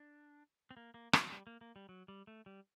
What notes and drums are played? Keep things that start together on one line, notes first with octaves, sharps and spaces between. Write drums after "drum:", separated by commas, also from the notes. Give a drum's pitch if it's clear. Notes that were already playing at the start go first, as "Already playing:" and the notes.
Already playing: D4
C4
A#3
A#3
F#3, drum: rim click
G3
A#3
A#3
G3
F#3
G3
A3
G3